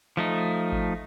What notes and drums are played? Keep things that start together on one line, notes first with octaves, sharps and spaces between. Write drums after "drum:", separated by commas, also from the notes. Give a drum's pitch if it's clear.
F3 A3 D#4
drum: kick G#1